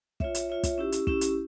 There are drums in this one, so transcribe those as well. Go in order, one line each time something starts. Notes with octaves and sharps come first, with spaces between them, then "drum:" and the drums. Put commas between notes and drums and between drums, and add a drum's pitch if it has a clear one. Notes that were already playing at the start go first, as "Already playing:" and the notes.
F4 C#5 E5, drum: kick
drum: hi-hat
F4 C#5 E5
drum: kick, hi-hat
C#4 E4 G4
drum: hi-hat
C#4 E4 G4, drum: kick
drum: hi-hat